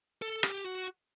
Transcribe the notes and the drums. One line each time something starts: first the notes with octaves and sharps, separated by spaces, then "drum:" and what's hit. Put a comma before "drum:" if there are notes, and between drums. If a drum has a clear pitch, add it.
A4
G4, drum: rim click
F#4